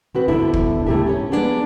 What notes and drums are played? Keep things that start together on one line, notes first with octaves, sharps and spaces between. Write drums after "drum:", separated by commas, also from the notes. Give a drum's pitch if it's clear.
C4 F#4 B4
D2 B2 D3 E4 E5
drum: kick
C#3 A3 E4 G4 A#4 E5
C#4 C#5
F3 G#3 A#3 B3 D4 D5